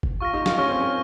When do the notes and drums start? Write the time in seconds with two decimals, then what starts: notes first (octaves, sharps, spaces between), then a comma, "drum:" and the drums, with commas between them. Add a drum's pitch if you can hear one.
0.03 drum: kick
0.21 F4 C#6 F6 A#6
0.33 D#4
0.46 F4, drum: snare
0.58 C#4 C#6 F6 A#6
0.69 C4
0.81 C#4